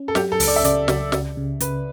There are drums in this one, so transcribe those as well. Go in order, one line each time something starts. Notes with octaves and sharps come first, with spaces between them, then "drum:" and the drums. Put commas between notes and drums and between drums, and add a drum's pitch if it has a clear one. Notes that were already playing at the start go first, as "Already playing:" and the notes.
Already playing: C#4
A4
F#3 G4, drum: snare
A4
C#2, drum: open hi-hat
D5
E5
C#3 D5, drum: hi-hat
C#2, drum: snare
C#3, drum: snare
C#3
C#3 B4, drum: hi-hat